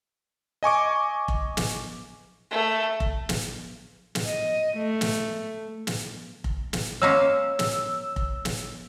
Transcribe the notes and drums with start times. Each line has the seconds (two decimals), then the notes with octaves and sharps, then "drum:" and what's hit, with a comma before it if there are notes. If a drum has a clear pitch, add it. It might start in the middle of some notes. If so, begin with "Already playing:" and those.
0.63 D#5 G#5 C#6 D6
1.28 drum: kick F1
1.57 drum: snare
2.51 A3
3.00 drum: kick F1
3.29 drum: snare
4.15 drum: snare
4.26 D#5
4.76 A3
5.01 drum: snare
5.87 drum: snare
6.44 drum: kick F1
6.73 drum: snare
7.02 G#3 A#3 C#4 C#5 A#5 E6
7.59 drum: snare
8.16 drum: kick F1
8.45 drum: snare